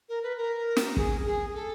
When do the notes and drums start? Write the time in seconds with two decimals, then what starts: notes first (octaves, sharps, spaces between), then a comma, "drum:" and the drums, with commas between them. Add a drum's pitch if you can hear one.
0.09 A#4
0.23 B4
0.37 A#4
0.77 drum: snare
0.97 G#4, drum: kick
1.25 G#4
1.55 A4